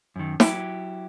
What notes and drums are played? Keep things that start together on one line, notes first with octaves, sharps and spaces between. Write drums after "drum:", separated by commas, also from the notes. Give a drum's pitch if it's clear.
F#2 D#3
F#3 E4 G4, drum: snare